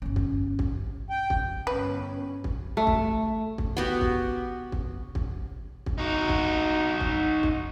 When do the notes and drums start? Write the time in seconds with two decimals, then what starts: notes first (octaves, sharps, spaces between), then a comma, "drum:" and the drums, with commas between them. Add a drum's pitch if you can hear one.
0.02 G1 C#4
0.16 drum: kick
0.59 drum: kick
1.10 G5
1.30 drum: kick
1.67 G1 C#4 B4
2.44 drum: kick
2.77 A3
2.87 drum: kick
3.58 drum: kick
3.77 B3 F#4 G4
4.01 drum: kick
4.72 drum: kick
5.15 drum: kick
5.86 drum: kick
5.98 D#4 F#4
6.29 drum: kick
7.00 drum: kick
7.43 drum: kick